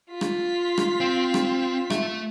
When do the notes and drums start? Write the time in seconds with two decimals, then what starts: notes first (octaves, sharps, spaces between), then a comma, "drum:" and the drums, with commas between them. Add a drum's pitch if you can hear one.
0.11 F4 B6
0.21 drum: rim click
0.78 drum: rim click
1.00 C4
1.34 drum: rim click
1.90 A3 E5, drum: rim click